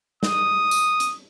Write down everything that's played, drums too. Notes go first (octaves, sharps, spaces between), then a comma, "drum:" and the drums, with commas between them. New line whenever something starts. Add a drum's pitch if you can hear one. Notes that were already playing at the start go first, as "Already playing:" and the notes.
D#6, drum: snare
drum: tambourine
drum: hi-hat